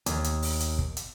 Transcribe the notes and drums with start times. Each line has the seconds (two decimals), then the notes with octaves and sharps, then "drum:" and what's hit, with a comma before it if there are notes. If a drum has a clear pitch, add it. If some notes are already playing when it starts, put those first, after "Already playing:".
0.06 D#2, drum: hi-hat
0.24 drum: hi-hat
0.42 drum: open hi-hat
0.60 drum: hi-hat
0.79 drum: kick
0.97 drum: hi-hat